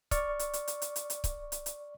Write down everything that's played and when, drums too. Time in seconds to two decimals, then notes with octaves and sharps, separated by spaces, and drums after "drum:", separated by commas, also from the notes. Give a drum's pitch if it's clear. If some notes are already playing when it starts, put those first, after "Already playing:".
0.11 D5 C#6 F6, drum: kick C#1, hi-hat
0.39 drum: hi-hat
0.53 drum: hi-hat
0.68 drum: hi-hat
0.82 drum: hi-hat
0.96 drum: hi-hat
1.10 drum: hi-hat
1.24 drum: kick C#1, hi-hat
1.52 drum: hi-hat
1.66 drum: hi-hat